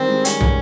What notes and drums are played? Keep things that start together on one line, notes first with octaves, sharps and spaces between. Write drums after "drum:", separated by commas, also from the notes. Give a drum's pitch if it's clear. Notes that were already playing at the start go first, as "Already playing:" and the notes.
Already playing: D#3 G3 C4
G#3
G3 C#4, drum: hi-hat
F#3, drum: tom